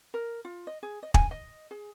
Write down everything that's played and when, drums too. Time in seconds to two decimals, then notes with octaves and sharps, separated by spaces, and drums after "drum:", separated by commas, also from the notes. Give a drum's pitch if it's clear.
0.14 A#4
0.45 F4
0.67 D#5
0.83 G#4
1.03 D#5
1.14 G#5, drum: kick
1.31 D#5
1.71 G#4